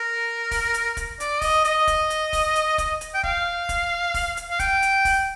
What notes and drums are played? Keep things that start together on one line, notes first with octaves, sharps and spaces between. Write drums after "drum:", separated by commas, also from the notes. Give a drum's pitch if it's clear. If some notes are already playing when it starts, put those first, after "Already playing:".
Already playing: A#4
drum: kick, open hi-hat
drum: hi-hat
drum: kick, hi-hat
D5, drum: hi-hat
D#5, drum: kick, open hi-hat
D#5, drum: hi-hat
drum: kick, hi-hat
drum: hi-hat
drum: kick, open hi-hat
drum: hi-hat
drum: kick, hi-hat
drum: hi-hat
G5
F5, drum: kick
drum: kick, hi-hat
drum: kick, open hi-hat
drum: hi-hat
F5
G5, drum: kick, hi-hat
drum: hi-hat
drum: kick, open hi-hat